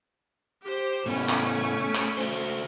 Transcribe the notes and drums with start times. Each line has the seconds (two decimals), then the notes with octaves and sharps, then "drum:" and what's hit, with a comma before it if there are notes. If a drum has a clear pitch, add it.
0.62 G4 C5
1.06 A2 A3 B3 C#4
1.29 drum: clap
1.95 drum: clap
2.17 F#4 A4 C5